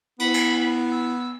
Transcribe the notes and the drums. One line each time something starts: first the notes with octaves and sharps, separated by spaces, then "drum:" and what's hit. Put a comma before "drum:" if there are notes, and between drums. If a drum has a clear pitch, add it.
B3 E4 B5, drum: cymbal
drum: cymbal
E6